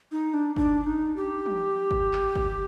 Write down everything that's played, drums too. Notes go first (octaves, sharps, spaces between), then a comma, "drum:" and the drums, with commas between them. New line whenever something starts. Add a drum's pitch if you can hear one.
D#4
D4
D4, drum: kick
D#4
G4
drum: tom
drum: kick
drum: clap
drum: kick